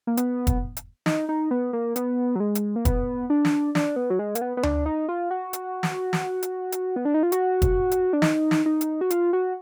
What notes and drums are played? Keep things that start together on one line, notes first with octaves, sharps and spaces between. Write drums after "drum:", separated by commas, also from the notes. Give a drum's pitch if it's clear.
A#3
B3, drum: hi-hat
drum: kick, hi-hat
drum: hi-hat
D#4, drum: snare
D#4
B3
A#3
B3, drum: hi-hat
F#3
G#3
drum: hi-hat
A#3
B3, drum: kick, hi-hat
D4
drum: snare
D4, drum: snare
B3
F#3
G#3
A#3, drum: hi-hat
B3
B3
D4, drum: tom D2
D#4
F4
F#4
drum: hi-hat
drum: snare
drum: snare
drum: hi-hat
drum: hi-hat
B3
D4
D#4
F4
F#4, drum: hi-hat
drum: kick, hi-hat
drum: hi-hat
D4
D#4, drum: snare
drum: snare
D#4
drum: hi-hat
F#4
F4, drum: hi-hat
F#4